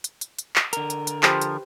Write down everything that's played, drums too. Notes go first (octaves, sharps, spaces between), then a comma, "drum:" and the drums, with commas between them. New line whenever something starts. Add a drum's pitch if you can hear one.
drum: hi-hat
drum: hi-hat
drum: hi-hat
drum: clap
D3 A#4, drum: hi-hat
drum: hi-hat
drum: hi-hat
F3 G4 B4 C5, drum: clap
drum: hi-hat